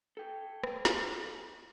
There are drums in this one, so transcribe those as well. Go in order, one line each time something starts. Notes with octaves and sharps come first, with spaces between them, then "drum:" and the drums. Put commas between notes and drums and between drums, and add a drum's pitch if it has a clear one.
A4 G5
drum: rim click
drum: snare